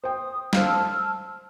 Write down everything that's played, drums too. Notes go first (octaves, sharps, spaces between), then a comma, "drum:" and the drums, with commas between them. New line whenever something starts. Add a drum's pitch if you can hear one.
C5 G5 D#6
C5 F5 A5 E6 F6, drum: snare